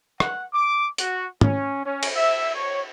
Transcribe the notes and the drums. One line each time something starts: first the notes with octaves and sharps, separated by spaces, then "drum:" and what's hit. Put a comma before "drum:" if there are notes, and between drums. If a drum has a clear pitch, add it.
F#5, drum: rim click
D6
F#4, drum: hi-hat
C#4, drum: tom
C#4
drum: cymbal
E5
C#5